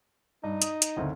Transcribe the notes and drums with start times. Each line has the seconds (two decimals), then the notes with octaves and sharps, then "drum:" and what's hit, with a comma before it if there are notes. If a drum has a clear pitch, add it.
0.44 G2 D#4
0.62 D#6, drum: hi-hat
0.82 drum: hi-hat
0.97 F#1 D2 C4